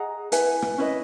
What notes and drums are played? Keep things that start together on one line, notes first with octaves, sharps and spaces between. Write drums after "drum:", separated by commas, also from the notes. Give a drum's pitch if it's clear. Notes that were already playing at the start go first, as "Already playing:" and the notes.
Already playing: G#4 D#5 F#5 A#5
E4 B4 E5 G#5, drum: hi-hat
drum: rim click
C#4 E4 B4 D#5